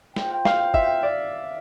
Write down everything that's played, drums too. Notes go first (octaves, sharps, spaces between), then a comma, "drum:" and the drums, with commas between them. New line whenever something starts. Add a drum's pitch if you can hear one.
F4 C5 G5, drum: snare
F5, drum: snare
E5, drum: kick
D5